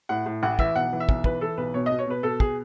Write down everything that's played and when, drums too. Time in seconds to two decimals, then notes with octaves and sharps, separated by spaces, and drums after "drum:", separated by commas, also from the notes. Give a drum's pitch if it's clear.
0.09 A2 F#5
0.26 A2
0.43 A1 F#5
0.59 E3 E5, drum: kick
0.76 B1 F#5
0.92 E3
1.00 E5
1.09 B1, drum: kick
1.24 E3 B4, drum: kick
1.41 E3 A4
1.57 B1 B4
1.74 B2 C#5
1.86 B2 D#5
1.99 C#5
2.06 B2 B4
2.23 B2 A4
2.40 G#4, drum: kick